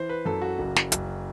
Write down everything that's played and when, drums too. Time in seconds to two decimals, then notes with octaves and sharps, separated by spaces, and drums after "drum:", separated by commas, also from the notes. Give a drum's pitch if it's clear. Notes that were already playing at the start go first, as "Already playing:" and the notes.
Already playing: E3 C5
0.09 B4
0.25 F#2 A4
0.42 F#4
0.59 F#1
0.76 drum: snare
0.92 F#1, drum: hi-hat